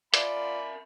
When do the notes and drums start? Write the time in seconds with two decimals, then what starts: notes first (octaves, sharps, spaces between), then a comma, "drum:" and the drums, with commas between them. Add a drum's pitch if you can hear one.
0.14 F4 A#4 D5 E5 B5, drum: hi-hat